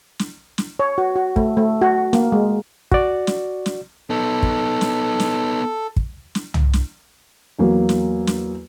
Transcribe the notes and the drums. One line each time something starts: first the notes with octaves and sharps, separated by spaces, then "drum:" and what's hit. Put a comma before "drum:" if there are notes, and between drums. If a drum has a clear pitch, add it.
drum: snare
drum: snare
C#5
F#4
F#4
A3, drum: kick
A3
F#4
A#3, drum: snare
G#3
F#4 D5, drum: kick
drum: snare
drum: snare
B3 D#4 A4
drum: kick
drum: snare
drum: snare
drum: kick
drum: snare
drum: tom
drum: snare
E2 F#3 A#3
drum: snare
drum: snare